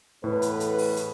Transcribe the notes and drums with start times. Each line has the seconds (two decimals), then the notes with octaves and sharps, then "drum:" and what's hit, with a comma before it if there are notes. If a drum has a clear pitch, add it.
0.24 E2 A2 A3 B4
0.42 drum: hi-hat
0.60 drum: hi-hat
0.78 drum: open hi-hat
0.96 drum: hi-hat